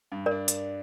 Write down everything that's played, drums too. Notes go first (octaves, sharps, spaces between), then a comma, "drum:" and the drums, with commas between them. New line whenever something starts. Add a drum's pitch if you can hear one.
G2
A#4 D5
D4
drum: hi-hat